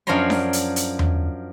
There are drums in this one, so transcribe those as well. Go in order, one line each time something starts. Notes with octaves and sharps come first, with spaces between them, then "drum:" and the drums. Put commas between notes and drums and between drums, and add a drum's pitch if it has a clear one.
F#2 F3 D4 C#5 A#5 C6
drum: snare D4
drum: hi-hat
drum: hi-hat
drum: tom E2